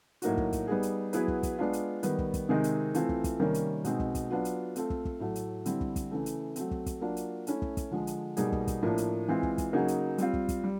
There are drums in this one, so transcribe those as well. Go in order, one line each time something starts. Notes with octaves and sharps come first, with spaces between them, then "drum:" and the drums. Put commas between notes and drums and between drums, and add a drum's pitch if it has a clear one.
A2 F#3 A#3 D#4 F#4, drum: hi-hat
drum: kick
drum: kick, hi-hat
G3 B3 D#4 G#4
drum: hi-hat
F#3 B3 E4 G#4 B4, drum: hi-hat
drum: kick
drum: kick, hi-hat
G#3 B3 D4 F4
drum: hi-hat
D#3 G3 B3, drum: hi-hat
drum: kick
drum: kick, hi-hat
C3 D#3 G#3 C4 D#4
drum: hi-hat
E3 A3 C4 F4, drum: hi-hat
drum: kick
drum: kick, hi-hat
C3 D#3 G3 A#3 C#4
drum: hi-hat
B2 G#3 C4 D#4, drum: hi-hat
drum: kick
drum: kick, hi-hat
F#3 B3 D4 F4
drum: hi-hat
A3 C4 F4 A4, drum: hi-hat
drum: kick
drum: kick
A2 F#3 A3
drum: hi-hat
D3 G3 C4 E4, drum: hi-hat
drum: kick
drum: kick, hi-hat
C#3 E3 A3
drum: hi-hat
F#3 A3 C4, drum: hi-hat
drum: kick
drum: kick, hi-hat
F#3 A#3 D4 F4
drum: hi-hat
A3 C#4 E4, drum: hi-hat
drum: kick
drum: kick, hi-hat
D3 F3 G#3
drum: hi-hat
B2 G3 A#3 D#4 G#4, drum: hi-hat
drum: kick
drum: kick, hi-hat
A2 F3 A#3 D4
drum: hi-hat
E3 G#3 C4 F4
drum: kick
drum: kick, hi-hat
C#3 F#3 A#3 D#4 G#4
drum: hi-hat
G3 C4 F4, drum: hi-hat
drum: kick
drum: kick, hi-hat
G3